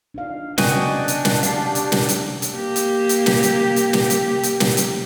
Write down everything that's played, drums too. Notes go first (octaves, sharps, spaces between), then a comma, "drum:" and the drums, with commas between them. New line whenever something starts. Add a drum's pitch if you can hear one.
D4 D#4 F5
C#3 B3 D4 F#4 D#5 G5 G#5, drum: snare
drum: hi-hat
drum: snare
G4 F5, drum: hi-hat
drum: hi-hat
drum: snare
drum: hi-hat
drum: hi-hat
A#3 G4
drum: hi-hat
drum: hi-hat
drum: snare
drum: hi-hat
drum: hi-hat
drum: snare
drum: hi-hat
drum: hi-hat
drum: snare
drum: hi-hat